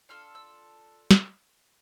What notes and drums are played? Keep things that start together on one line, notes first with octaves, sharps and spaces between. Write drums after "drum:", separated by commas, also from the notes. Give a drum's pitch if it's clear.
D4 F4 A4 F6
E6
drum: snare